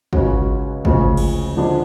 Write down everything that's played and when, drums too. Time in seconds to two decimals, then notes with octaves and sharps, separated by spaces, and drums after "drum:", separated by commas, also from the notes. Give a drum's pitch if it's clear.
0.13 C#2 C#3 G#3 C#4 F#4, drum: kick
0.85 D2 C#3 F3 G#3 C#4, drum: kick
1.17 drum: cymbal
1.57 D3 F3 G#3 D4